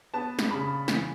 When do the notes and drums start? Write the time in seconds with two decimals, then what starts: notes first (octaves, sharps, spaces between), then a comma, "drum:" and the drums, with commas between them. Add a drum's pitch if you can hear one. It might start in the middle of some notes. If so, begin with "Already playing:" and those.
0.14 B3 A5
0.39 drum: snare
0.51 C#3 B5
0.88 E3, drum: snare